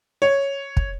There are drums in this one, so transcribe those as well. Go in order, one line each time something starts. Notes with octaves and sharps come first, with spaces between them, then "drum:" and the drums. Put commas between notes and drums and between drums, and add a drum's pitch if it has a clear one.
C#5
drum: kick